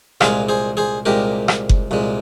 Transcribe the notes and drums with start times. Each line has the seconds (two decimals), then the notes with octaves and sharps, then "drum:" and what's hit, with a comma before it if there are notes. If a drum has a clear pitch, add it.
0.21 C2 A#2 G#3 F4 G#4, drum: rim click
0.49 G#4 C5
0.77 G#4 C5
1.06 C2 A#2 G#3 G4 A#4
1.48 drum: rim click
1.69 drum: kick F#1
1.91 C2 A#2 G#3